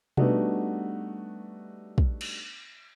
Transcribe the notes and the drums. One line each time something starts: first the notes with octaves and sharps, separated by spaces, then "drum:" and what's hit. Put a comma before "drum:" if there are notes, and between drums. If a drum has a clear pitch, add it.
G3 A3 B3 D4 D#4 F#4, drum: tom B2
drum: kick
drum: cymbal